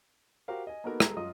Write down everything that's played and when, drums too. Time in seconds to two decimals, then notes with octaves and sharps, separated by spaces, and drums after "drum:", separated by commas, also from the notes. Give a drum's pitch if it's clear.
0.48 F#4 G4 A#4 C5 F5
0.67 D#5 G#5
0.84 A#3 B3 D#4 F#4 A4 A#4
1.00 G3 G#3 A4 A#5, drum: rim click
1.16 F#2 F4 D#5 D#6